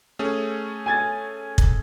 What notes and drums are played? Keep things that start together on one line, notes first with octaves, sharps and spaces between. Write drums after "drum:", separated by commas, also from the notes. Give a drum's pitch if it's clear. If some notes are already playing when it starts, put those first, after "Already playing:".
A3 C#4 G#4
G#5 G#6 A6
drum: kick